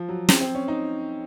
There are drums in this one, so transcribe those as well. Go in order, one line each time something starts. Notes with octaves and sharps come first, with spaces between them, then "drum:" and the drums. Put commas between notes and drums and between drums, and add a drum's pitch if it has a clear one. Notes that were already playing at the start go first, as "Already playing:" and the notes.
Already playing: F3
F#3
C4, drum: snare
C4
C#4
D#4